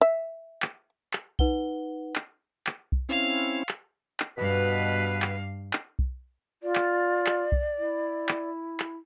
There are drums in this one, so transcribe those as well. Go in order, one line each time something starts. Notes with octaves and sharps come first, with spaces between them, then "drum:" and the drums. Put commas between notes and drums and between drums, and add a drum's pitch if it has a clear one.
E5
drum: clap
drum: clap
D#4 B4 F#5 G7, drum: kick B1
drum: clap
drum: clap
drum: kick B1
C4 C#4 E4 F5
drum: clap
drum: clap
G2 B2 B4 F5
drum: clap
drum: clap
drum: kick B1
F4 D5
drum: clap
drum: clap
drum: kick B1
E4
drum: clap
drum: clap